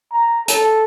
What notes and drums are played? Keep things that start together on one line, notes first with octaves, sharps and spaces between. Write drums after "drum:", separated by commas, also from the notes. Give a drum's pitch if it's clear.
A#5
A4, drum: hi-hat